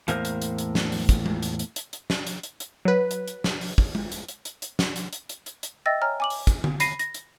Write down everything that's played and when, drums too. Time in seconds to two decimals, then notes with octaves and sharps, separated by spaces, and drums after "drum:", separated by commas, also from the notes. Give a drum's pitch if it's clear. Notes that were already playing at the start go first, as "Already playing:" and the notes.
0.08 E2 A2 A#3 A#4 C5, drum: hi-hat
0.25 drum: hi-hat
0.42 drum: hi-hat
0.58 drum: hi-hat
0.75 drum: snare
0.92 drum: open hi-hat
1.09 drum: kick, hi-hat
1.26 drum: tom G#3
1.43 drum: hi-hat
1.59 drum: hi-hat
1.76 drum: hi-hat
1.93 drum: hi-hat
2.10 drum: snare
2.27 drum: hi-hat
2.43 drum: hi-hat
2.60 drum: hi-hat
2.85 F#3 B4
3.11 drum: hi-hat
3.28 drum: hi-hat
3.44 drum: snare
3.61 drum: open hi-hat
3.78 drum: kick
3.95 drum: tom G#3
4.12 drum: hi-hat
4.28 drum: hi-hat
4.45 drum: hi-hat
4.62 drum: hi-hat
4.79 drum: snare
4.96 drum: hi-hat
5.13 drum: hi-hat
5.29 drum: hi-hat
5.46 drum: hi-hat
5.63 drum: hi-hat
5.86 D#5 E5 G5 E6 A6 A#6
6.02 C#5 G#5 A#5 F6
6.20 G#5 D6 F#7
6.30 drum: open hi-hat
6.47 drum: kick, hi-hat
6.64 drum: tom D3
6.80 B5 A#6 C7 D#7, drum: hi-hat
6.99 A#6, drum: hi-hat
7.14 drum: hi-hat